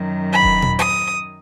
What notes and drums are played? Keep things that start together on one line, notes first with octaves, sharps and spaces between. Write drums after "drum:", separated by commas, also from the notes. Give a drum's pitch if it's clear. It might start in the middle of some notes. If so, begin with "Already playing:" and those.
Already playing: F#2 D#3 F#3
B5
drum: kick D#1
drum: tom
D#6, drum: hi-hat